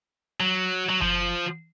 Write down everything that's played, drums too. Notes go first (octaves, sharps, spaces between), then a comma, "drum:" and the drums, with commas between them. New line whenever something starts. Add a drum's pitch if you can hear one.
F#3
F#3
F3, drum: kick F#1